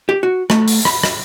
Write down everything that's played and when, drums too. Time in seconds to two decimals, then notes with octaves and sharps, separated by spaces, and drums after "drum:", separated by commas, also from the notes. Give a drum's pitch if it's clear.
0.09 G4
0.23 F#4
0.50 A3, drum: rim click
0.68 drum: open hi-hat
0.85 B5, drum: rim click
1.03 drum: rim click